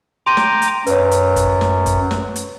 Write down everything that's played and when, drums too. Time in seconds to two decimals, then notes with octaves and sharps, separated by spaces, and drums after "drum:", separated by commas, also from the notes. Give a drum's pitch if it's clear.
0.27 G5 A#5 C6 D6 D#7
0.37 drum: snare
0.62 drum: hi-hat
0.87 F#2 B4 C#5, drum: hi-hat
1.11 drum: hi-hat
1.36 drum: kick, hi-hat
1.61 drum: snare
1.86 drum: kick, hi-hat
2.11 drum: snare
2.36 drum: hi-hat